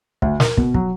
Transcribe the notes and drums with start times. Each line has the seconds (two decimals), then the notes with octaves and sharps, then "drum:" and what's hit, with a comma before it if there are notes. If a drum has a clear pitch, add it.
0.22 D2, drum: kick
0.40 A#4, drum: snare
0.57 B2, drum: kick
0.74 F#3, drum: kick